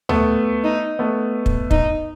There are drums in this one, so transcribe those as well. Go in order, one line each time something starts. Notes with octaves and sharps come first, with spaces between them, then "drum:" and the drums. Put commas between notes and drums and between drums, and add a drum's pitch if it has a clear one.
A3 B3, drum: tom D2
D#4
A3 B3
drum: kick
D#4, drum: kick